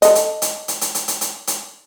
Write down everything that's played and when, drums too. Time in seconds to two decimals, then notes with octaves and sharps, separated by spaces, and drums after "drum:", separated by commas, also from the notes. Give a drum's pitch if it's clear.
0.02 A4 D#5, drum: hi-hat
0.15 drum: hi-hat
0.42 drum: hi-hat
0.68 drum: hi-hat
0.81 drum: hi-hat
0.95 drum: hi-hat
1.08 drum: hi-hat
1.21 drum: hi-hat
1.47 drum: hi-hat